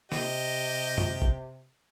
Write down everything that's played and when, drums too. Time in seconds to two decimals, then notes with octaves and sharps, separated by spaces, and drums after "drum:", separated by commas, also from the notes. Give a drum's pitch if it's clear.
0.12 C3 G4 D#5, drum: snare
0.98 drum: tom F#2
1.22 drum: kick